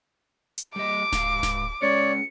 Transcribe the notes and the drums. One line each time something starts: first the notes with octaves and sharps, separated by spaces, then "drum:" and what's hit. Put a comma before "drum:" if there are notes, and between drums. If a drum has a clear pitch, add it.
drum: hi-hat
G3 D#5 D6
G#2 F5, drum: snare D1
drum: snare D1
G#3 C#4 C#5 D5 C#7